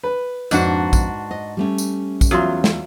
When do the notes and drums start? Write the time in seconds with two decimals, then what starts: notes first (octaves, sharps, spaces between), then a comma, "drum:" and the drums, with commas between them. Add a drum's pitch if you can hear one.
0.03 B4
0.51 F2 G#2 D4 F#4, drum: tambourine
0.93 drum: kick, tambourine
1.31 D#5
1.57 G3 A3 C#4
1.78 drum: tambourine
2.21 drum: kick, tambourine
2.31 E2 F#3 F4 C6
2.64 drum: snare